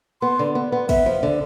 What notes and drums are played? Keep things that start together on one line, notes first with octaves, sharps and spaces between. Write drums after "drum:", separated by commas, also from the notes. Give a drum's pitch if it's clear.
B3 C6
D3
B3
B3
B3 E5, drum: kick, cymbal
F3
D3